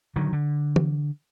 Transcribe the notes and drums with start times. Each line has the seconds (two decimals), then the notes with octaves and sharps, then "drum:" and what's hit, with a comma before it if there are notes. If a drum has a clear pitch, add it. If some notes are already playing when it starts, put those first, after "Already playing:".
0.16 D3 D#3 F#3
0.33 D3
0.76 drum: tom